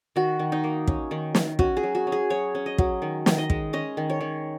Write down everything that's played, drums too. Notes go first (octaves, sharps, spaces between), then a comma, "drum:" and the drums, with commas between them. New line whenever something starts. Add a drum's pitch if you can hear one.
D#3 F#4
D#3
D#4
A#3
C#4, drum: kick
D#3
D#3, drum: snare
C#4 F#4, drum: kick
G#4
F#3
F#4
C#4
G#4
F#3 C#5
C#4
D#5
F#3, drum: kick
D#3
D#3, drum: snare
D#5
G#3, drum: kick
C#4 D#5
D#3
C#5
D#3